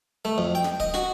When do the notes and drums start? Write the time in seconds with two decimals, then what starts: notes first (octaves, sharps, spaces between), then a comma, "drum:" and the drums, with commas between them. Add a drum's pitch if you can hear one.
0.25 A3
0.38 F2
0.55 G5
0.64 drum: snare
0.80 D#5, drum: kick
0.94 F#4, drum: snare